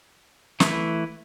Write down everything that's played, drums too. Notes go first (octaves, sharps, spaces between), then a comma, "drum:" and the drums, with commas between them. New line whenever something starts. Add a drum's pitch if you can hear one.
E3 A3 E4 B4, drum: snare